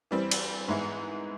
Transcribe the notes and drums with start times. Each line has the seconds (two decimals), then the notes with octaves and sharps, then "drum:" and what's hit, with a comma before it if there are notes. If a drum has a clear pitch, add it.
0.11 E3 G3 C4
0.31 drum: cymbal
0.68 G#2 E3 G#3 B3 E4